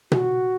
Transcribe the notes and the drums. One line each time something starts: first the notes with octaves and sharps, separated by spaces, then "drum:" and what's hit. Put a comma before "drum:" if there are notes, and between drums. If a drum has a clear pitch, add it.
F#4, drum: tom B2